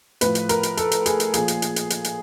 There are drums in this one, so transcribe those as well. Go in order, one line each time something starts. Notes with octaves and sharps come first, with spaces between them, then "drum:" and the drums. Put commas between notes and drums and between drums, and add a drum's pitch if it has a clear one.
A2 F3 B4, drum: hi-hat
drum: hi-hat
A#4, drum: hi-hat
drum: hi-hat
A4, drum: hi-hat
drum: hi-hat
G#4, drum: hi-hat
drum: hi-hat
A#2 F3 G#4, drum: hi-hat
drum: hi-hat
drum: hi-hat
drum: hi-hat
drum: hi-hat
drum: hi-hat